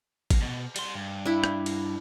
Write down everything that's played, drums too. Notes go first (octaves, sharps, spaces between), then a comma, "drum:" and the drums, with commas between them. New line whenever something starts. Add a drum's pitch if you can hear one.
drum: kick, cymbal
B2
G3 C6, drum: cymbal
G2
D4 E4
drum: rim click
drum: cymbal